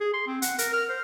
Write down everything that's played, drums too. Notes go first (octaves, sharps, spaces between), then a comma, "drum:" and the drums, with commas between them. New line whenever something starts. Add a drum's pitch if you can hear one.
G#4
C6
C4
F#5, drum: hi-hat
A#4, drum: hi-hat
F6
C5